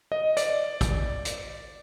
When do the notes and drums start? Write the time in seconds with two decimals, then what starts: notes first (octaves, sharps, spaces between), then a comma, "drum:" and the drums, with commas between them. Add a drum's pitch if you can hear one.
0.12 D#5
0.37 D5, drum: hi-hat
0.81 drum: kick, hi-hat
1.25 drum: hi-hat